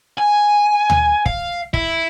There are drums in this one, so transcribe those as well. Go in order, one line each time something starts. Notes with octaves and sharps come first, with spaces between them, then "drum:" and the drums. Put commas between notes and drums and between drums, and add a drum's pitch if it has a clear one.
G#5
drum: tom D2
F5, drum: kick
E4, drum: kick